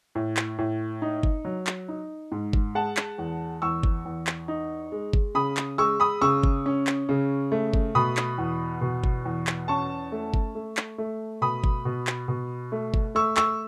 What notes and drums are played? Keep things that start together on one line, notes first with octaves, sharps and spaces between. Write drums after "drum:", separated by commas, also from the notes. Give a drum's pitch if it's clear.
A2
drum: clap
A2
D#4
drum: kick G1
F#3
drum: clap
D#4
G#2
drum: kick G1
G#3 F#5 A5
drum: clap
E2
E2 C#6 E6
drum: kick G1
E2
drum: clap
D#4
G#3
drum: kick G1
C#3 B5 D#6
drum: clap
G#3 C#6 E6
B5 D#6
C#3 C#6 E6
drum: kick G1
C#4
drum: clap
C#3
A3
drum: kick G1
B2 B5 D#6
drum: clap
E2
B2
drum: kick G1
E2
drum: clap
C#4 A5 C#6
A3
drum: kick G1
A3
drum: clap
A3
B2 B5 D#6
drum: kick G1
B2
drum: clap
B2
A3
drum: kick G1
A3 C#6 E6
C#6 E6, drum: clap